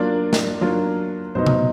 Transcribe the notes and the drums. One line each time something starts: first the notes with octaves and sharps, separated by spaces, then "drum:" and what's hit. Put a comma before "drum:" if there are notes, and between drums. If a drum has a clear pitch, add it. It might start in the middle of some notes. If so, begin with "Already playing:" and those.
Already playing: F#3 A#3 D4 F4 D5
drum: snare
F#3 A#3 D4 F4
B2 F#3 B3 D#4 C5
drum: tom C3